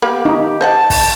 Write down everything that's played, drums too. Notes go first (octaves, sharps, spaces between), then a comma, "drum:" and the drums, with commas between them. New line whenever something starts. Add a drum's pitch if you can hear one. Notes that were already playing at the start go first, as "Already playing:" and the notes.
A#3 B3 G4 B5
D#4
C5 D#5 F#5 A5
drum: kick, open hi-hat